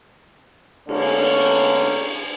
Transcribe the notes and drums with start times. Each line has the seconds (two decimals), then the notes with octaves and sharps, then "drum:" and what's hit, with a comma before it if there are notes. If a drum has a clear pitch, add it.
0.89 D3 G#3 A#3 B3 C#4, drum: cymbal
1.69 drum: cymbal